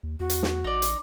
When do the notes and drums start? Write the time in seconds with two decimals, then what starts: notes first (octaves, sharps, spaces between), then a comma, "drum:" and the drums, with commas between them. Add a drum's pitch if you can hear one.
0.03 D#2
0.20 E2 F#4
0.30 drum: hi-hat
0.43 drum: snare
0.64 A1 D#4 D5
0.82 drum: hi-hat